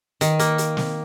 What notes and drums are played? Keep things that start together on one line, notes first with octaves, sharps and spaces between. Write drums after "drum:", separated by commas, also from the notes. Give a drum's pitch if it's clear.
D#3, drum: hi-hat
A#3, drum: hi-hat
drum: hi-hat
drum: snare